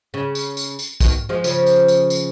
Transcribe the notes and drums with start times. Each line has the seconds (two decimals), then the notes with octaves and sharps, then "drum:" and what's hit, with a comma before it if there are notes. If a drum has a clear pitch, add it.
0.14 C#3
0.35 drum: tambourine
0.57 drum: tambourine
0.79 drum: tambourine
1.01 B2 D#3, drum: kick, tambourine
1.29 F3 G#3
1.44 C#3 F3, drum: tambourine
1.66 drum: tambourine
1.88 drum: tambourine
2.10 drum: tambourine